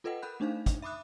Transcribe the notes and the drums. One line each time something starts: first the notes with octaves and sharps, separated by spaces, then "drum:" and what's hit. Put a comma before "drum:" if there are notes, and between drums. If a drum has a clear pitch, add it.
F4 A4 B4 D#5 F#5 G5
A4 A#4 F#5 B5 F#6 G6
A3 D4 D#4 C5 F5
drum: kick, hi-hat
E5 B5 D6 D#6 F#6